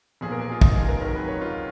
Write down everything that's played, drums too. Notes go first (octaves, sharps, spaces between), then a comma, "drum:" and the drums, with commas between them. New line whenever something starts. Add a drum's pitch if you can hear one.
B1 A#2 F3 G#4
A#4
G#4
F4
D#4, drum: kick
G#4
A#4
F1 D#2 D#3 F#3 A#4
B4
C#5
F4